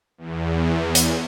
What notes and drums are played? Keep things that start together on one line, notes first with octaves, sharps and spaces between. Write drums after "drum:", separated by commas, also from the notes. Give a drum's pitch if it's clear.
E2
drum: hi-hat